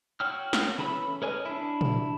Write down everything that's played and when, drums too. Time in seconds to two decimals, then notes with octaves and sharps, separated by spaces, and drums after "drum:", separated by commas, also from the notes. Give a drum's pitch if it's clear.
0.20 F#4 C#5 G5 E6 F6
0.53 drum: snare
0.78 E3 C#4 A4 B5 E6
1.22 A#4 B4 C#5 D#5 G#5
1.45 D4 E4
1.81 drum: tom